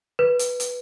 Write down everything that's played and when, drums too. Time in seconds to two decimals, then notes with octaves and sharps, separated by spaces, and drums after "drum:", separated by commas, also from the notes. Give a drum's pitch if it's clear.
0.19 B4
0.39 drum: hi-hat
0.60 drum: hi-hat